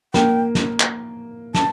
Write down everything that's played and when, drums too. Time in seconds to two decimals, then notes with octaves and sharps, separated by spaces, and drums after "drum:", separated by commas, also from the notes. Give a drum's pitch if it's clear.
0.14 A#3 G5, drum: snare
0.55 drum: snare
0.80 drum: clap
1.54 A5, drum: snare